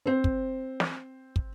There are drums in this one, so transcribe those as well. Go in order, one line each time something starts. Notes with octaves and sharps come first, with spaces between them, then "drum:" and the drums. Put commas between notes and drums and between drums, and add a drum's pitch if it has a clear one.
C4 C5
drum: kick
drum: snare
drum: kick